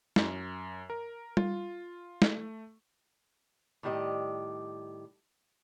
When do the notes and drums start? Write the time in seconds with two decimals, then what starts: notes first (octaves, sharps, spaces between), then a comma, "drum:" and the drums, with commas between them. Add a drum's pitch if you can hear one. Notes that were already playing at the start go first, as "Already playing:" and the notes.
0.16 F#2, drum: snare
0.90 A#4
1.37 F4, drum: tom G3
2.22 A3, drum: snare
3.83 A2 D#3 G3 G4 D#5